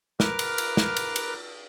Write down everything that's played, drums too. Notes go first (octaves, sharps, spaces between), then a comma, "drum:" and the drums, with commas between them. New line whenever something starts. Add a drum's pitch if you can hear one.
A#4 B4 D6 F6, drum: snare
drum: cymbal
drum: cymbal
drum: snare
drum: cymbal
drum: cymbal